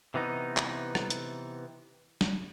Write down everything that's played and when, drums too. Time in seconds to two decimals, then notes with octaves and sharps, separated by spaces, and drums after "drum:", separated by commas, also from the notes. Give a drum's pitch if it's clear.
0.14 C3 E3 B3 D#4
0.57 drum: clap
0.95 drum: rim click
1.10 drum: hi-hat
2.21 drum: snare